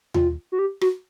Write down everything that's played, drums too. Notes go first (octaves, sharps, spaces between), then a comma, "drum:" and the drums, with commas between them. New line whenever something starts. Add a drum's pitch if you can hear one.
F4, drum: tom D#2
F#4
G4
F#4, drum: rim click